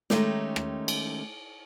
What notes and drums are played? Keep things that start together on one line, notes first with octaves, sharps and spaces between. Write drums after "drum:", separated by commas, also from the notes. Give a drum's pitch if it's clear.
D#3 G#3 A3 C#4 D#4 G4, drum: snare
drum: rim click
drum: cymbal